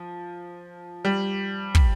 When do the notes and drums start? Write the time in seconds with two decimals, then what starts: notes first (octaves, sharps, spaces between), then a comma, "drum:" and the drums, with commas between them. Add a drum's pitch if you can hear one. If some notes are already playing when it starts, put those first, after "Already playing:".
Already playing: F3
1.05 G3
1.75 drum: kick